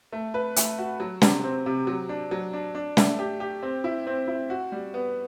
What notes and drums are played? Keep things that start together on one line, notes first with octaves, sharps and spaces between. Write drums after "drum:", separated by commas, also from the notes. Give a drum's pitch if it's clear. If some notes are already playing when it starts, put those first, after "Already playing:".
A3
B4
A3, drum: hi-hat
F#4
F#3
C3, drum: snare
C4
C3
F#3
D4
F#3
D4
D4
A3, drum: snare
G4
G4
C4
E4
C4
E4
F#4
G3
B3